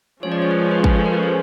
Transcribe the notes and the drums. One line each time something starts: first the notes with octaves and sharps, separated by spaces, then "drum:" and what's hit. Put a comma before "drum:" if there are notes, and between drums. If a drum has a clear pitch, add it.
F3 G#3 C#4 C#5
D5
C#5
B4
B4
B4, drum: kick
A4
A#4
B4
C5